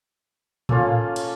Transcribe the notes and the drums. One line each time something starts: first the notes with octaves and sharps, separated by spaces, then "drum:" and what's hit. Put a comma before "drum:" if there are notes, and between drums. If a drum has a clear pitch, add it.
A3 A#3 C#4 F4, drum: tom A2
drum: cymbal